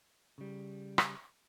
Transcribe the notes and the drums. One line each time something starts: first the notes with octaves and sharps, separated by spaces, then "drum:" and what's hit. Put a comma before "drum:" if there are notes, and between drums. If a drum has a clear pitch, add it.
C#3 G3
drum: rim click